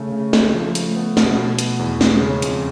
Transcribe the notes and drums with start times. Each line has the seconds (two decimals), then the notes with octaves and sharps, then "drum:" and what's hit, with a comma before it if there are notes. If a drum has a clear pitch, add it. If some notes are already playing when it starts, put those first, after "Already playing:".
Already playing: C#3 A3
0.12 C#3
0.33 A3, drum: snare
0.54 F3
0.75 A3, drum: hi-hat
0.96 B3
1.17 B2, drum: snare
1.37 B2
1.59 B3, drum: hi-hat
1.79 E2
2.01 G#3, drum: snare
2.22 C#3
2.42 F2, drum: hi-hat